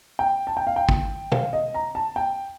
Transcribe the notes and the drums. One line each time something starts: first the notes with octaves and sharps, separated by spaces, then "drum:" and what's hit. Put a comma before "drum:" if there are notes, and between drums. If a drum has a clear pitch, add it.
G5
A5
G5
F5
G5
drum: kick
F5, drum: tom B2
D#5
A#5
A5
G5